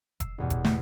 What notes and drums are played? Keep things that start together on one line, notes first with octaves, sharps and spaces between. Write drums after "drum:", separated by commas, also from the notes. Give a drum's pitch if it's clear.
E6 C7, drum: kick F1, hi-hat
A1 E2 B2
drum: kick F1, hi-hat
A3, drum: snare